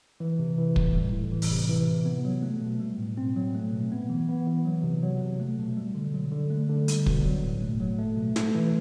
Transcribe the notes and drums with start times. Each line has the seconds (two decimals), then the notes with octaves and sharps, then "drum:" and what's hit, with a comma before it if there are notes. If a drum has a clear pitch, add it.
0.20 E3
0.39 C3
0.58 E3
0.76 A2, drum: kick
0.95 G3
1.13 A2
1.32 E3
1.42 drum: open hi-hat
1.51 C3
1.69 E3
1.88 C3
2.05 B3
2.25 F#3
2.43 A3
2.62 B2
2.80 G3
2.98 A2
3.18 C4
3.36 F#3
3.55 A3
3.72 B2
3.92 B3
4.09 E3
4.28 B3
4.47 E3
4.65 F#3
4.83 C3
5.03 F#3
5.22 C3
5.40 A3
5.59 B2
5.77 G3
5.95 D3
6.14 F#3
6.32 D3
6.50 A3
6.69 D3
6.88 G3, drum: hi-hat
7.06 B2, drum: kick
7.26 F#3
7.44 A2
7.62 A3
7.80 F#3
7.99 A3
8.17 B2
8.36 A3, drum: snare
8.55 E3